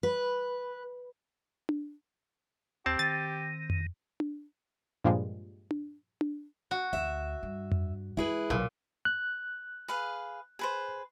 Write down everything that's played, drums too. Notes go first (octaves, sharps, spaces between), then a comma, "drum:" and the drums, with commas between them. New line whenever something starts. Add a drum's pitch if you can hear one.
B4
drum: tom D4
D#2 C4 G4 A5
D#3 A6
drum: tom F2
drum: tom D4
G2 A#2 F3 G3 G#3
drum: tom D4
drum: tom D4
F#4
D2 E5
G2
drum: tom F2
G#3 E4 G#4 B4
B1 A#2 F#3
F#6
G#4 B4 F5
G#4 B4 C5